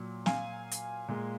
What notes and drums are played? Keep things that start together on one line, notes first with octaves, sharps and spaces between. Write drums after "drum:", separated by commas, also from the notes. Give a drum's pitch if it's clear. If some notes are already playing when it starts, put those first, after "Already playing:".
Already playing: A#2 F#3
F5 G#5, drum: snare
drum: hi-hat
A#2 G#3